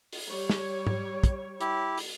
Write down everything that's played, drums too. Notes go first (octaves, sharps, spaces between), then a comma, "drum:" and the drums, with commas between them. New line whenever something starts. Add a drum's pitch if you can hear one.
drum: open hi-hat
G3 C#5
drum: snare
drum: tom G#2
drum: kick, hi-hat
E4 G4, drum: hi-hat
drum: open hi-hat